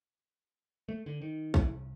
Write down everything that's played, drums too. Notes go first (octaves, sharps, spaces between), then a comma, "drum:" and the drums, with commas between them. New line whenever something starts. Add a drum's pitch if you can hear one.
A3
D3
D#3
E3, drum: kick A#1
C2